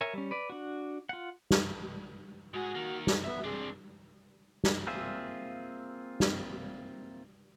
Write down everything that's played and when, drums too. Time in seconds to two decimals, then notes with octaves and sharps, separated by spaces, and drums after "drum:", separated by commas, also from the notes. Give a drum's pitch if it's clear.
0.01 A#4 C#5 E5 G#5
0.14 G3 C#4
0.31 B4 D5
0.50 D4 F#4
1.09 F4 F#5
1.51 drum: snare
2.54 G#2 F#4 G#4
2.75 D#3 A#3
3.07 drum: snare
3.24 B3 E5
3.44 C4 D4 G#4
4.64 drum: snare
4.87 A#3 C4 F4 G#4 E5
6.20 drum: snare